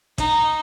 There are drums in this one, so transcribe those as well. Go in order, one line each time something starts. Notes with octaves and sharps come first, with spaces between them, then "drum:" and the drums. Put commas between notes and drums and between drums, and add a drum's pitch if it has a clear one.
D#4, drum: kick, hi-hat